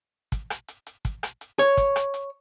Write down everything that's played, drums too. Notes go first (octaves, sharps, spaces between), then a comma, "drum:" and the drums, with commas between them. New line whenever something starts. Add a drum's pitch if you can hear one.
drum: kick, hi-hat
drum: rim click
drum: hi-hat
drum: hi-hat
drum: kick, hi-hat
drum: rim click
drum: hi-hat
C#5, drum: hi-hat
drum: kick, hi-hat
drum: rim click
drum: hi-hat